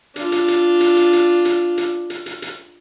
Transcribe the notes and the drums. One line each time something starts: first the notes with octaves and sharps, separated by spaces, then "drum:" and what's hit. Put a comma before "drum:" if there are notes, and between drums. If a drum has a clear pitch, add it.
D4 F4, drum: hi-hat
drum: hi-hat
drum: hi-hat
drum: hi-hat
drum: hi-hat
drum: hi-hat
drum: hi-hat
drum: hi-hat
drum: hi-hat
drum: hi-hat
drum: hi-hat